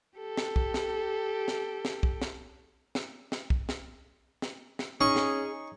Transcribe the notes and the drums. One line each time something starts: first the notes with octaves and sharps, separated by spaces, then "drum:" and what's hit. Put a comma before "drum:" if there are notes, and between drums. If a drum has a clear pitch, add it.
G4 A4
drum: snare
drum: kick
drum: snare
drum: snare
drum: snare
drum: kick
drum: snare
drum: snare
drum: snare
drum: kick
drum: snare
drum: snare
drum: snare
C#4 D#4 G#4 C#6
drum: snare